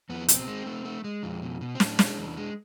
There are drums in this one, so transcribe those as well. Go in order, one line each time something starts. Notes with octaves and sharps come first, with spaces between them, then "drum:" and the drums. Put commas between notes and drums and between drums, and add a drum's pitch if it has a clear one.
F2 B3
B2 C4, drum: hi-hat
G#3
A3
A3
G#3
F2
B2
B2
C4
A2 D4, drum: snare
G#3, drum: snare
E2
G#3